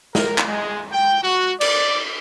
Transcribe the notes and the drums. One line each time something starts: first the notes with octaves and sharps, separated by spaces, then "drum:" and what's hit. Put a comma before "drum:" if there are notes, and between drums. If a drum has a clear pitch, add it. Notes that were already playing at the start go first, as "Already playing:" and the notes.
A#4, drum: snare
drum: clap
G#3
G5
F#4
D5, drum: cymbal